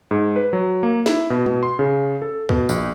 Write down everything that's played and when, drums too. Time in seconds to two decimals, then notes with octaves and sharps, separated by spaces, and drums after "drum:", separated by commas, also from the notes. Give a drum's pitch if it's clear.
0.11 G#2
0.36 B4
0.53 F#3
0.83 A#3
1.06 E4, drum: snare
1.30 B2
1.46 B2, drum: tom
1.63 C6
1.79 C#3
2.22 A4
2.49 B2, drum: kick
2.69 A#1, drum: tambourine